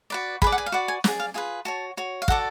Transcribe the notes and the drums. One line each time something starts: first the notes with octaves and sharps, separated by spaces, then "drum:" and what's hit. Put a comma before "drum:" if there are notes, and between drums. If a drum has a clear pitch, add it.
F#4 B4 D5
G#4 B4 D5 B5, drum: kick
F#5
G#5
F5
F#4 B4 D5 F#5
G#5
G#4 D5 F#5, drum: snare
F5
F4 G#4 B4 G#5
F#4 C#5 A5
F#4 C#5
F5
F#4 A4 D5 F#5, drum: kick